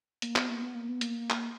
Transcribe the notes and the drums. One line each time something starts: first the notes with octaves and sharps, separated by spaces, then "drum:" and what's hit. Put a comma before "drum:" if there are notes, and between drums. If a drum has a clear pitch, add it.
A#3, drum: hi-hat
B3, drum: clap
A#3
B3
A#3
B3
A#3, drum: hi-hat
drum: clap